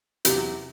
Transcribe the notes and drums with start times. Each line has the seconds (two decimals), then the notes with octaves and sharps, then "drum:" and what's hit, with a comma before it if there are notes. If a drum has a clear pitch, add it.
0.25 E2 C3 F#3 G4, drum: hi-hat